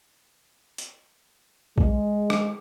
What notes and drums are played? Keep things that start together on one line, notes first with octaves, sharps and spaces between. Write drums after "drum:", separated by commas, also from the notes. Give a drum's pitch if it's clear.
drum: hi-hat
G#3, drum: kick
drum: rim click